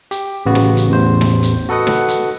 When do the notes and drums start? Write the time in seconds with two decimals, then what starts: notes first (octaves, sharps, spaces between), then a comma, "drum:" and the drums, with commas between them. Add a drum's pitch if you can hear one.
0.11 G4, drum: hi-hat
0.46 A1 C#3 B3 F#4
0.55 drum: snare
0.77 drum: hi-hat
0.90 A1 E2 C5
1.21 drum: snare
1.43 drum: hi-hat
1.69 F#4 A4 B4 D#5 F#5
1.87 drum: snare
2.09 drum: hi-hat